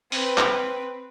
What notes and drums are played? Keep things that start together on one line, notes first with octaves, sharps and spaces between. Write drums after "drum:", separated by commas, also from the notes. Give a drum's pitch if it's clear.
C4 B4, drum: open hi-hat
drum: clap